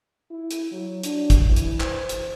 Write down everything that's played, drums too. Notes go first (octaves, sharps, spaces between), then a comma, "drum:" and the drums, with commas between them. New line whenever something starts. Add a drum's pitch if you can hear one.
E4
drum: hi-hat
F#3
D4, drum: hi-hat
drum: kick, hi-hat
E3
drum: hi-hat
C5, drum: clap
drum: hi-hat